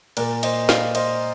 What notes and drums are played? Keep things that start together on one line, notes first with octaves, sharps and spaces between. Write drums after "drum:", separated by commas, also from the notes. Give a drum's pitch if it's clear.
A#2 A#4 D5, drum: cymbal
C5 D#5, drum: cymbal
D5 F5, drum: snare
C5 D#5, drum: cymbal